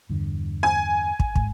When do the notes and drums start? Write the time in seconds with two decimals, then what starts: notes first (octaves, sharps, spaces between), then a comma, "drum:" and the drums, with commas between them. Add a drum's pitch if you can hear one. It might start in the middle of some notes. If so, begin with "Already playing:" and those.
0.09 E2 G2 D3
0.63 G#5
1.20 drum: kick
1.35 D1 G#2, drum: kick